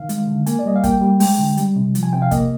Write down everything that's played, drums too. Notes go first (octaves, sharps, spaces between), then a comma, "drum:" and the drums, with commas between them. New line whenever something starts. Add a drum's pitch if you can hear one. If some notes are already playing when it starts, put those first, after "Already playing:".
Already playing: D#3 F5
G#3, drum: hi-hat
D3
A#3 G#5, drum: hi-hat
D5
G3 D#5
F5
A#3 G5, drum: kick, hi-hat
G3
G#3 G5, drum: open hi-hat
D3
G3, drum: hi-hat
C3
F3, drum: hi-hat
G#5
C3 G5
F5
A#3 D#5, drum: kick, hi-hat